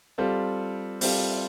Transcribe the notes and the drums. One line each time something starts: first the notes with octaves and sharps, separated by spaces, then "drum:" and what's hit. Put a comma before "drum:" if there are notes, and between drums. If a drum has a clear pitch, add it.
G3 C4 F4 A4
G3 C4 F4 A4, drum: open hi-hat